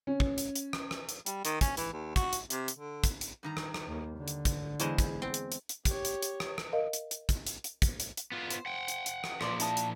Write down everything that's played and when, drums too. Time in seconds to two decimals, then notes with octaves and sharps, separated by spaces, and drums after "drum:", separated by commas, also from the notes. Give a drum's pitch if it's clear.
0.07 C#4
0.20 drum: kick
0.38 drum: hi-hat
0.55 drum: hi-hat
0.73 drum: rim click
0.91 drum: rim click
1.09 drum: hi-hat
1.26 G3, drum: hi-hat
1.45 D#3, drum: hi-hat
1.61 C#4, drum: kick, hi-hat
1.77 E3, drum: hi-hat
1.93 D#2
2.16 F#4, drum: kick, hi-hat
2.33 drum: hi-hat
2.50 C3, drum: hi-hat
2.68 drum: hi-hat
2.77 D3
3.04 drum: kick, hi-hat
3.21 drum: hi-hat
3.43 G2 D#3 A#5
3.57 drum: rim click
3.74 drum: rim click
3.88 D#2 A#3
4.18 D3
4.28 drum: hi-hat
4.45 drum: kick, hi-hat
4.80 E2 G#3 E4 C5 D#5, drum: hi-hat
4.98 drum: kick, hi-hat
5.22 C4
5.34 drum: hi-hat
5.52 drum: hi-hat
5.69 drum: hi-hat
5.85 G4 C#5, drum: kick, hi-hat
6.05 drum: hi-hat
6.22 drum: hi-hat
6.40 drum: rim click
6.58 drum: rim click
6.73 A#4 D#5 F5
6.93 drum: hi-hat
7.11 drum: hi-hat
7.29 drum: kick, hi-hat
7.47 drum: hi-hat
7.64 drum: hi-hat
7.82 drum: kick, hi-hat
8.00 drum: hi-hat
8.17 drum: hi-hat
8.32 B3 F4
8.50 C5, drum: hi-hat
8.66 F#5 G5
8.88 drum: hi-hat
9.06 drum: hi-hat
9.24 drum: rim click
9.41 A#2 F3 D5 C6, drum: rim click
9.60 E4 A5 D#6, drum: hi-hat
9.77 drum: hi-hat